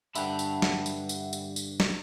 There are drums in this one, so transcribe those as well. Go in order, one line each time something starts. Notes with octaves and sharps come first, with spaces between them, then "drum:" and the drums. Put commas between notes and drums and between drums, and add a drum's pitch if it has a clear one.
G2 D3 D4 E5 F#5 G5 A5 B5, drum: tambourine
drum: tambourine
drum: snare
drum: tambourine
drum: tambourine
drum: tambourine
drum: tambourine
drum: snare